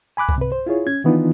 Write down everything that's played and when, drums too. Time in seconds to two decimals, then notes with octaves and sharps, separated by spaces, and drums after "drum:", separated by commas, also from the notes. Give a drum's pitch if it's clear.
0.17 G#5 B5 D6 F#6
0.29 drum: kick C2
0.38 C3 B4
0.52 C5
0.66 E4 F4 G#4 C#5
0.86 C#4 G#6
1.04 D#3 E3 B3 D4 D#4 F4